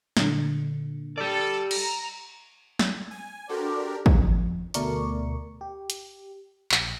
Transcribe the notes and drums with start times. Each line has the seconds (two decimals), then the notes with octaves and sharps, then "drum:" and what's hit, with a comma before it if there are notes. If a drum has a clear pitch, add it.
0.17 A#2 D3, drum: snare
1.18 G4 A4 D5
1.71 A#5, drum: cymbal
2.79 drum: snare
3.11 G#5
3.49 D4 F#4 G4 A4 A#4 C5 D5
4.06 drum: kick
4.23 F2
4.74 D2 B2 A3 A#4 D5 C#6, drum: hi-hat
5.61 G4
5.90 drum: hi-hat
6.72 A#1, drum: clap